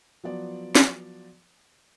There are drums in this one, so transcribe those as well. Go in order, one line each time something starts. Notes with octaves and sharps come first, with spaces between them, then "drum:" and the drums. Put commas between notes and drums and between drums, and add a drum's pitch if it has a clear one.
F3 F#3 B3 D5
drum: snare